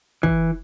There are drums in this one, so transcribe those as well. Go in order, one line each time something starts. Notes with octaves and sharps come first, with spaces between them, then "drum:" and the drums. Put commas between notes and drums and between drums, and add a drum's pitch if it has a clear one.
E3, drum: kick